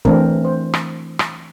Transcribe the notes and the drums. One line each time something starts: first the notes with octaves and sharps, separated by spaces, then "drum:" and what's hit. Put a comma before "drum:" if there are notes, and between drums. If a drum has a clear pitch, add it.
E3 A3 C4 D4 A#4, drum: kick
C5
drum: rim click
drum: rim click